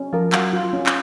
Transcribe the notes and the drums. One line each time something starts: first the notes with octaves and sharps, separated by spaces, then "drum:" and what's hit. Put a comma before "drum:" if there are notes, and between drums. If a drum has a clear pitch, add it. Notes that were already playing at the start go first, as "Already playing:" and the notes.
Already playing: C#4
F3 A#4
F#3 F5, drum: clap
F4
C#4
drum: clap